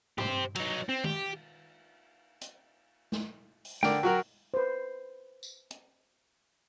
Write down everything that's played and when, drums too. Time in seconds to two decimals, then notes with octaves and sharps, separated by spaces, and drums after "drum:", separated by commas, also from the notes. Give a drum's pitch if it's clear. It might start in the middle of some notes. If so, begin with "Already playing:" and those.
0.18 G4 C5, drum: tom
0.55 F#3 D#4, drum: cymbal
0.89 C4
1.04 G4, drum: tom D#3
2.41 drum: hi-hat
3.12 drum: snare
3.65 drum: open hi-hat
3.83 D3 A#4 D5 G5, drum: snare
4.03 F#3 F#4 A#4
4.54 B4 C5
5.43 drum: tambourine
5.71 drum: hi-hat